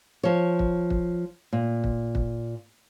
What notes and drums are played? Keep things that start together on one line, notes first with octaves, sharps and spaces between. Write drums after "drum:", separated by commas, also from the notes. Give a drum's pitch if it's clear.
F3 C#5
drum: kick
drum: kick
A#2
drum: kick
drum: kick